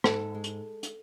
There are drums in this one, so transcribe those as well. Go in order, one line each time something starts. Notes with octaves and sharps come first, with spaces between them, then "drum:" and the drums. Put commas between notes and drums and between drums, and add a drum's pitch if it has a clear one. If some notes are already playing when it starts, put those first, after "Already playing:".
G#2 A4, drum: rim click
G#3
drum: hi-hat
drum: hi-hat